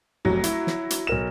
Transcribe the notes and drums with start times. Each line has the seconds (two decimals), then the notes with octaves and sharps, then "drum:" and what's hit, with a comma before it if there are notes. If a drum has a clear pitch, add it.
0.25 F1 F#3
0.44 E4, drum: hi-hat
0.67 drum: snare
0.90 drum: hi-hat
1.07 B1 A#4 E7